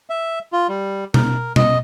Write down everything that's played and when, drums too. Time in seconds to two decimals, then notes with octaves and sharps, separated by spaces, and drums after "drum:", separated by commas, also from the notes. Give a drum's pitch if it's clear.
0.10 E5
0.53 F4
0.69 G3
1.14 A#4, drum: tom B2
1.56 D#5, drum: tom B2